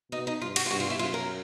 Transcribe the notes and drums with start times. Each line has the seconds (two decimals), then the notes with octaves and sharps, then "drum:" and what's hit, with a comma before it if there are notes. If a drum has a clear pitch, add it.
0.12 B2 D#4
0.27 D#4
0.42 G2 F4
0.56 F#4, drum: cymbal
0.66 F4
0.71 G2 F#4
0.80 F4
0.90 E4
0.99 F#2 F4
1.14 A#4